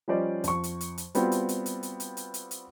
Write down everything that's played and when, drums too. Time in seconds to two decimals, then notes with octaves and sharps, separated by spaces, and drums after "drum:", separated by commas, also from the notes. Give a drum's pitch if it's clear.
0.08 F3 G3 C#4 C5 D5 D#5
0.44 F2 C#6, drum: hi-hat
0.64 drum: hi-hat
0.81 drum: hi-hat
0.98 drum: hi-hat
1.15 G3 B3 C4 F4 F#4, drum: hi-hat
1.32 drum: hi-hat
1.49 drum: hi-hat
1.66 drum: hi-hat
1.83 drum: hi-hat
2.00 drum: hi-hat
2.17 drum: hi-hat
2.34 drum: hi-hat
2.51 drum: hi-hat